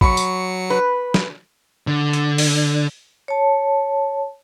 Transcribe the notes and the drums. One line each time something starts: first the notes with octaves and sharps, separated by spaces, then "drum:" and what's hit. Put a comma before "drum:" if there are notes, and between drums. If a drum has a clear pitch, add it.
F#3 B5 C#6 C#7, drum: kick
drum: tambourine
B4
drum: snare
D3
drum: hi-hat
drum: open hi-hat
C#5 A5